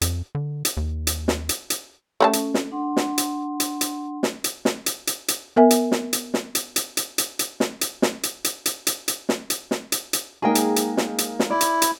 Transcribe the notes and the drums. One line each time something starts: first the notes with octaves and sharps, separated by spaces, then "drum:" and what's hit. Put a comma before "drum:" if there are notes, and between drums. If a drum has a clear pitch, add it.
F2, drum: hi-hat
D3
drum: hi-hat
D#2
drum: hi-hat
drum: snare
drum: hi-hat
drum: hi-hat
A3 C#4 A#4 A5
drum: hi-hat
drum: snare
D4 F#5 C6
drum: snare
drum: hi-hat
drum: hi-hat
drum: hi-hat
drum: snare
drum: hi-hat
drum: snare
drum: hi-hat
drum: hi-hat
drum: hi-hat
B3 A#4 E5 G#5
drum: hi-hat
drum: snare
drum: hi-hat
drum: snare
drum: hi-hat
drum: hi-hat
drum: hi-hat
drum: hi-hat
drum: hi-hat
drum: snare
drum: hi-hat
drum: snare
drum: hi-hat
drum: hi-hat
drum: hi-hat
drum: hi-hat
drum: hi-hat
drum: snare
drum: hi-hat
drum: snare
drum: hi-hat
drum: hi-hat
G#3 A#3 D#4 G#4 A#4 G5
drum: hi-hat
drum: hi-hat
drum: snare
drum: hi-hat
drum: snare
E4 D5
drum: hi-hat
drum: hi-hat